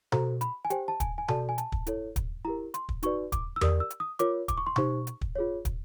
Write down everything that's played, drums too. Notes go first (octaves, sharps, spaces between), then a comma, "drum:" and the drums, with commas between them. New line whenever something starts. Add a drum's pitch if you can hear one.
F#4 A4 C5 A#5, drum: tom B2
B5, drum: hi-hat
G#5
G4 C5 G5, drum: hi-hat
A5
G#5, drum: kick, hi-hat
G#5
F#4 A4 D5 A5, drum: tom B2
G#5
A5, drum: hi-hat
drum: kick
E4 A4 C#5, drum: hi-hat
drum: kick, hi-hat
E4 G4 A#4 A#5
C6, drum: hi-hat
drum: kick
D#4 F#4 B4 D5 C#6, drum: hi-hat
D6, drum: kick, hi-hat
E6
G4 A#4 D5 D#6, drum: tom E2
E6
drum: hi-hat
D#6
F4 A#4 C#5 D6, drum: hi-hat
D6, drum: kick, hi-hat
C#6
C6
D#4 G4 C5 C#6, drum: tom B2
drum: hi-hat
drum: kick
F4 G#4 C#5
drum: kick, hi-hat